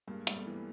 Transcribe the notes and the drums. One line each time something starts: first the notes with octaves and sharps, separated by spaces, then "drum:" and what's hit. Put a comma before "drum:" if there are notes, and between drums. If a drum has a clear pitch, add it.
G2 G#3 A#3
G3, drum: hi-hat
A3 B3
E3